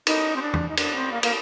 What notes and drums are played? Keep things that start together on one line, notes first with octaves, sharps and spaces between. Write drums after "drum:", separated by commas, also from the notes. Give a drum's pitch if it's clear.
D#4, drum: cymbal
C4
D4
drum: tom
D#4
D4, drum: cymbal
C4
A#3
A#3, drum: cymbal